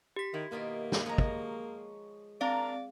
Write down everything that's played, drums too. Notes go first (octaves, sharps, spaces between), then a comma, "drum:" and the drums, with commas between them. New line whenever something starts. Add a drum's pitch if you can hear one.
G4 B6
D#3 E4
B2 D#3 A#3 F4
drum: snare
F3 G#3 C#5 A#5
drum: kick
C4 D4 A#4 D5 F5 A#5